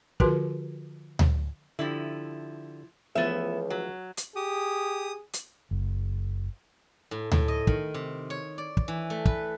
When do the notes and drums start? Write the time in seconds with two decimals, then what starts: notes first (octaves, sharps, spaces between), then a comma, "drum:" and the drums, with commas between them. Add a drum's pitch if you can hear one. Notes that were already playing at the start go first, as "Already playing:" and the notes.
0.20 D3 F3 F4 F#4 A#4 B4, drum: kick
1.19 drum: tom D2
1.79 D3 F3 E4 G4
3.15 C#2 E3 F3 A3 B3 E5
3.70 F#3
4.17 drum: hi-hat
4.36 G4 G#4 D#6
5.33 drum: hi-hat
5.71 F#1
7.11 A2
7.32 A2, drum: tom D2
7.48 D#5
7.67 D#3, drum: kick
7.94 C3
8.30 C#5
8.58 D5
8.77 drum: kick
8.88 E3
9.10 A3
9.25 B4, drum: kick